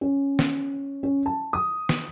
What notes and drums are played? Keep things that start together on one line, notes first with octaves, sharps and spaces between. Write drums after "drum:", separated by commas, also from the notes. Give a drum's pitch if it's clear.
C#4
drum: snare
C#4
A5
D#6
drum: snare